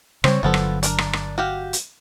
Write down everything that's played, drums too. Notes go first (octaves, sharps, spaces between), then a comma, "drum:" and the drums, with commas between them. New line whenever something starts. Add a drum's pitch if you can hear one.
C#3 G3 C4 C#5, drum: rim click
G1 D3 F3 F#3 B3 A4
drum: rim click
D4 A#4 D5, drum: hi-hat
drum: rim click
drum: rim click
F#4 G4 F5
drum: hi-hat